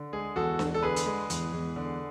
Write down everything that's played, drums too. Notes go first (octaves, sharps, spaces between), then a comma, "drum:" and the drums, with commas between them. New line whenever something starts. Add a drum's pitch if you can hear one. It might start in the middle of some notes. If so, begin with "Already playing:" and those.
Already playing: D3
G#3 G#4
E2 F#4 A4
E2, drum: snare D4
A4
D3 G#4 B4
drum: hi-hat
G#3
E2, drum: hi-hat
E2
D3